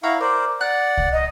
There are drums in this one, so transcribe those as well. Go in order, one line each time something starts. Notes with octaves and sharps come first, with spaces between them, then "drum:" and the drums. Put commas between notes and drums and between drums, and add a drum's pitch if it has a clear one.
E4 C#5 F5 F#5 A#5
A#4 C5 D5
D5 F#5 F#6
drum: kick C2
D#5